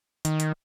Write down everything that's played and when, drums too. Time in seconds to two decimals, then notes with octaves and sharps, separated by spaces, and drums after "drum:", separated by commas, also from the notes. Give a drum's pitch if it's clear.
0.25 D#3, drum: hi-hat
0.40 drum: hi-hat